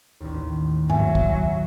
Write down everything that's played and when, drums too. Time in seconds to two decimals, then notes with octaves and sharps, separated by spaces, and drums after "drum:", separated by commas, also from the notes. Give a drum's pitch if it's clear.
0.20 A1 D#2
0.90 F#3 E5 G#5, drum: tom G2
1.15 drum: kick